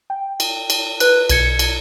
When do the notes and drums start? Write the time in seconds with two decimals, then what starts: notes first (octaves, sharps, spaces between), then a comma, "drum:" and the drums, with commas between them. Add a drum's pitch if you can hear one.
0.10 G5
0.40 drum: cymbal
0.70 drum: cymbal
1.00 B4 F#6, drum: cymbal
1.29 B1 G#6 C#7, drum: cymbal
1.59 drum: cymbal